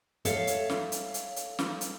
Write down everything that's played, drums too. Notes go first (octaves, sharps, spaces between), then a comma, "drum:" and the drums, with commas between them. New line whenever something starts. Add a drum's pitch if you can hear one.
A4 C#5 E5 F5, drum: hi-hat
drum: hi-hat
drum: snare
drum: hi-hat
drum: hi-hat
drum: hi-hat
drum: snare
drum: hi-hat